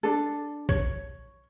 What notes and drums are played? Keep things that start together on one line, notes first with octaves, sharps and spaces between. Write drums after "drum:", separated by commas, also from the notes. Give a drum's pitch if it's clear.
D4 A4
C#5, drum: kick